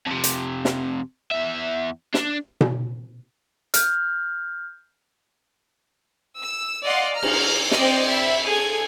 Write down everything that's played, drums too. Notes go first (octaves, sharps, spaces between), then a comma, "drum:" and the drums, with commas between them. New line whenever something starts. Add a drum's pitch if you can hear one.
F2 C3
drum: hi-hat
drum: snare
E2 E5
D4, drum: snare
drum: tom B2
F6 G6, drum: hi-hat
E6
D5 D#5 F5 F#5 C6
A#5 F6
drum: cymbal
C4 D5 D#5, drum: snare
E5 B5
G#4 A4 G#6